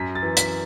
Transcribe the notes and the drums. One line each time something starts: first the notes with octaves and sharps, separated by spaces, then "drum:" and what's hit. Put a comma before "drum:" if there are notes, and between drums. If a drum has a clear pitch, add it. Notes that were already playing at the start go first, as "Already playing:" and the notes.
Already playing: F#2 B6
A6
E3
B6, drum: hi-hat